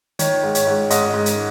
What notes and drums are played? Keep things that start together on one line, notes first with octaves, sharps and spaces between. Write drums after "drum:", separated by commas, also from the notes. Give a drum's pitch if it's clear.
D#3 C#5, drum: hi-hat
G#2
C#5, drum: hi-hat
G#2
G#2 D#5, drum: hi-hat
G#2
drum: hi-hat